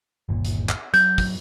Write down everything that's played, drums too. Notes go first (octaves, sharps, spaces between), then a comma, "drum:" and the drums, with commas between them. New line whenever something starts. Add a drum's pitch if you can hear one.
G1 D#2 A#2
drum: hi-hat
drum: clap
F#3 G6, drum: hi-hat
drum: kick, open hi-hat